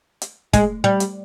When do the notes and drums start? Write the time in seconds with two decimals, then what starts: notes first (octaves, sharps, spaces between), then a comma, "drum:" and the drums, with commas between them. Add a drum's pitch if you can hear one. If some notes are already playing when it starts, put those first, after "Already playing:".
0.22 drum: hi-hat
0.53 G#3, drum: kick, hi-hat
0.84 G3
1.00 drum: hi-hat